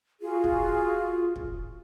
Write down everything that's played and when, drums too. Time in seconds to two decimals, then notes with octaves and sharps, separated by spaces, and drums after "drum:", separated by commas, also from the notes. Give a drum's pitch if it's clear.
0.21 F4 F#4 G#4
0.44 drum: kick
1.36 drum: kick